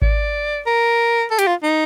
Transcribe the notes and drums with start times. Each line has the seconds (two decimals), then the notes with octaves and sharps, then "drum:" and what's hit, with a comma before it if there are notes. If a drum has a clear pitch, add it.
0.02 D5, drum: kick G#1
0.66 A#4
1.31 A4
1.39 G4, drum: hi-hat
1.47 F4
1.63 D#4